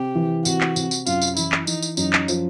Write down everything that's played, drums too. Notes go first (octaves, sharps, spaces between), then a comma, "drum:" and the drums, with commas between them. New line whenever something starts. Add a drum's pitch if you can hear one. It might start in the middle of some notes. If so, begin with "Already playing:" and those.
Already playing: C3 G4
E3
C3 F#4, drum: tambourine
drum: clap
C3, drum: tambourine
drum: tambourine
F#2 F4, drum: tambourine
drum: tambourine
E3 E4, drum: tambourine
drum: clap
E3 D#4, drum: tambourine
drum: tambourine
F#2 D#4, drum: tambourine
drum: clap
F3, drum: tambourine